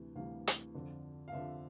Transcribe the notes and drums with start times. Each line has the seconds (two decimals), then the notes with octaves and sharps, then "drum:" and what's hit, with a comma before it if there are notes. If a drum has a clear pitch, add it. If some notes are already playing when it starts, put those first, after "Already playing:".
Already playing: D2 C3 E3
0.15 D2 C3 E3 G3 F5
0.48 drum: hi-hat
0.74 F2 D3 F3
1.28 F5
1.32 F2 D3 F3 E5